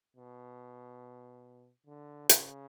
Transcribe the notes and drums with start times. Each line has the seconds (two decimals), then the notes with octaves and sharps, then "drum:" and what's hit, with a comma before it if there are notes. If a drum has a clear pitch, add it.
0.16 B2
1.87 D3
2.29 C#3, drum: hi-hat